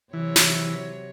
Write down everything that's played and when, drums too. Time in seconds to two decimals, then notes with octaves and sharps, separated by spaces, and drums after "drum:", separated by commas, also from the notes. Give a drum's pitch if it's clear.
0.13 C3 E3 F#3 C#5
0.36 drum: snare